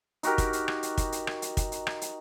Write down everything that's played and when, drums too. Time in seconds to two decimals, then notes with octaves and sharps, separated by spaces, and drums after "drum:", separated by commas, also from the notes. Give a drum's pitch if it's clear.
0.23 D#4 F#4 G4 A#4, drum: hi-hat
0.38 drum: kick, hi-hat
0.53 drum: hi-hat
0.68 drum: rim click
0.83 drum: hi-hat
0.98 drum: kick, hi-hat
1.12 drum: hi-hat
1.27 drum: rim click
1.42 drum: hi-hat
1.57 drum: kick, hi-hat
1.72 drum: hi-hat
1.87 drum: rim click
2.01 drum: hi-hat